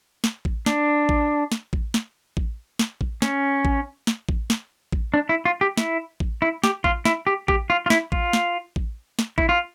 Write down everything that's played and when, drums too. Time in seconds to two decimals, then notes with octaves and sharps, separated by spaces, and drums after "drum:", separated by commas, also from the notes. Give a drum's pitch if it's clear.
0.24 drum: snare
0.45 drum: kick A1
0.66 D4, drum: snare
1.09 drum: kick A1
1.52 drum: snare
1.73 drum: kick A1
1.94 drum: snare
2.37 drum: kick A1
2.79 drum: snare
3.01 drum: kick A1
3.22 C#4, drum: snare
3.65 drum: kick A1
4.07 drum: snare
4.29 drum: kick A1
4.50 drum: snare
4.92 drum: kick A1
5.14 D4
5.29 E4
5.45 F4
5.61 G4
5.77 E4, drum: snare
6.20 drum: kick A1
6.42 E4
6.64 G4, drum: snare
6.84 F4, drum: kick A1
7.05 E4, drum: snare
7.27 G4
7.48 G4, drum: kick A1
7.70 F4
7.86 F4
7.90 E4, drum: snare
8.12 F4, drum: kick A1
8.33 drum: snare
8.76 drum: kick A1
9.19 drum: snare
9.38 E4, drum: kick A1
9.49 F4